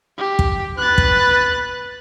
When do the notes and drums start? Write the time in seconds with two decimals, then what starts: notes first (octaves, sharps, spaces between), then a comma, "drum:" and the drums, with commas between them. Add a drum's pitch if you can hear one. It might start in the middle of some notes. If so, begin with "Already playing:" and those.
0.18 G4
0.39 drum: kick
0.78 B4 F#6 A6
0.98 drum: kick